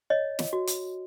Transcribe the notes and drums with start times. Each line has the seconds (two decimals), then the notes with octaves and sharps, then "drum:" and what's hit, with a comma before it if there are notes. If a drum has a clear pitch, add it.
0.10 C#5 D#5
0.39 drum: snare
0.53 F#4
0.67 drum: hi-hat